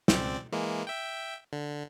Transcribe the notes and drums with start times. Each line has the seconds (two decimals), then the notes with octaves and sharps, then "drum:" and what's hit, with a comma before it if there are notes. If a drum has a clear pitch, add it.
0.08 C#2 C4 D5, drum: snare
0.52 E3 G#3 A#3
0.87 E5 G5
1.53 D3